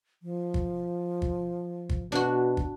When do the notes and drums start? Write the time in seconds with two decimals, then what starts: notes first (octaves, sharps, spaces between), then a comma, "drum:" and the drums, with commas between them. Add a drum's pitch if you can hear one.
0.23 F3
0.54 drum: kick
1.22 drum: kick
1.89 drum: kick
2.12 B2 D4 F#4
2.57 drum: kick